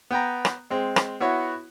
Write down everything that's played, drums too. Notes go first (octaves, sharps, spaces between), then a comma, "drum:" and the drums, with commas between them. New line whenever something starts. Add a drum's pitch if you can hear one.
B3 G5 A#5
drum: rim click
G#3 C4
drum: rim click
B3 E4 F#4 C#5